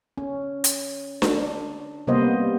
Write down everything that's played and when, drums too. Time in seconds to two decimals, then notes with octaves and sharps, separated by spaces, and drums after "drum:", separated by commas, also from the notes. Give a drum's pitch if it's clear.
0.18 C#4
0.64 drum: hi-hat
1.22 D4, drum: snare D4
2.07 C3 G3 A#3 B3 C5 D#5